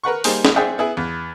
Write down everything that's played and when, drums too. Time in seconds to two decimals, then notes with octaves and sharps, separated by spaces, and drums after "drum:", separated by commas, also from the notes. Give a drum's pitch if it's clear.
0.04 A#4 B4 F#5 C#6
0.24 G3 A#3 D#4 G#4 C5, drum: open hi-hat
0.45 drum: snare
0.56 G#4 C5 D5 E5 F#5 G5
0.78 B3 E4 G#4
0.97 E2